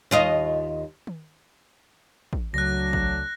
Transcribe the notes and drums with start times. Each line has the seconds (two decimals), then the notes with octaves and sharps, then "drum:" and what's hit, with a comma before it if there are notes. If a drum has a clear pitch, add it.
0.11 D#2 F4 D#5
1.07 drum: tom D#3
2.33 drum: kick
2.54 C#2 F#3 A3 D4 F#6 A#6
2.93 drum: kick